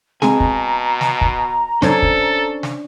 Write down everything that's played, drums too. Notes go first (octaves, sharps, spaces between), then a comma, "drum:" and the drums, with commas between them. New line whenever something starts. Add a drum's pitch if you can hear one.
B2 G#3 C4 G#4 G#5 A#5, drum: snare
drum: kick
drum: snare
drum: kick
F2 F#3 C#4 D4 A4 C5 G#6, drum: snare
drum: kick
drum: snare